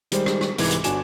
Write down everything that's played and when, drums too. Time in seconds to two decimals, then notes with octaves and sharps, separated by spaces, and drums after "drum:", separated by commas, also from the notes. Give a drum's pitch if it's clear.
0.12 D#3 G3 G#3 C5, drum: hi-hat
0.26 drum: rim click
0.41 drum: rim click
0.58 C2 G#2 E3 D6 G#6, drum: open hi-hat
0.71 drum: hi-hat
0.84 G1 D4 F#4 G#5 D6 E7, drum: hi-hat